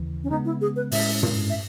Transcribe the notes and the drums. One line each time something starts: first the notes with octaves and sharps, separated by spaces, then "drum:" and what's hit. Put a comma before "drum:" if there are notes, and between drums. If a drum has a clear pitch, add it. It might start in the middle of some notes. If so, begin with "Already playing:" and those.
Already playing: D#2 C#3 E3
C#4
C#3 G#3 B3 D#4
E4
G#4
B4
A2 G#3 C#4 E4 E5, drum: open hi-hat
drum: tom
E5